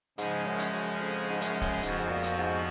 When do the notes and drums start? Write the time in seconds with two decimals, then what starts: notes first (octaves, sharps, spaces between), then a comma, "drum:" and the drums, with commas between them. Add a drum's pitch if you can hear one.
0.18 G#2 C#3 F3 G#3 C#4 G#4, drum: hi-hat
0.46 F#2
0.59 drum: hi-hat
0.73 F#2
1.00 F2
1.29 G#2
1.41 F#2, drum: hi-hat
1.61 drum: kick D1, open hi-hat
1.82 F2 G#2 F3 B3 F#4, drum: hi-hat
1.99 G#2
2.09 A#2
2.23 drum: hi-hat
2.37 G#2